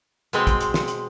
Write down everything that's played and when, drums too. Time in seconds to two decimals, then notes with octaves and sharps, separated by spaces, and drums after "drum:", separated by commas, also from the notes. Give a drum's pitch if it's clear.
0.33 B2 G#3 C4, drum: hi-hat
0.47 drum: kick, hi-hat
0.61 drum: hi-hat
0.74 drum: snare
0.88 drum: hi-hat